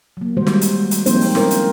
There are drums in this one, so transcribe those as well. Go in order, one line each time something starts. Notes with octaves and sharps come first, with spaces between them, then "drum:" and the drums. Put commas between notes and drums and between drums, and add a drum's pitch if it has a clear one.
F#3 A#3
D#3 G3 G#3 A#3 F#4 C5
drum: snare
drum: hi-hat
drum: hi-hat
F3 A#3 C4 D#4 C5, drum: hi-hat
drum: open hi-hat
C#4 E4 A#4 C5, drum: snare
drum: hi-hat